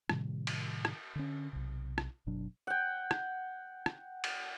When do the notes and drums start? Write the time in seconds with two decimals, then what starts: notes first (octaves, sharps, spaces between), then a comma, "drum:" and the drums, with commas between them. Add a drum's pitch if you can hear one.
0.09 A2 C3 D#3 G3, drum: rim click
0.47 drum: cymbal
0.85 drum: rim click
1.16 D3 C#4
1.53 B1 C3
1.98 drum: rim click
2.26 F#1 B2 F#3 D4
2.67 F#5 G5
3.11 drum: rim click
3.86 drum: rim click
4.24 drum: cymbal